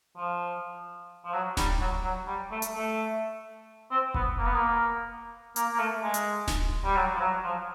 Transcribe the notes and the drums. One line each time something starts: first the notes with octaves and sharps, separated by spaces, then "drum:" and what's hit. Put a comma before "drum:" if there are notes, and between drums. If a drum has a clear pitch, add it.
F3
F3
F#3
G3, drum: snare D1
F#3
F#3
G3
A3
drum: hi-hat
A3
C4
B3, drum: kick F1
A#3
B3
A#3
A#3, drum: hi-hat
A#3
A3
G#3
drum: hi-hat
drum: snare D1
G3
F#3
F3
F#3
F3